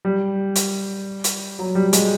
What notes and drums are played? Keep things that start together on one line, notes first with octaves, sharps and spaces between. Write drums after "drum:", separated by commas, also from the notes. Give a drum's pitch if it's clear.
G3
drum: hi-hat
drum: hi-hat
F#3
G3
G#3, drum: hi-hat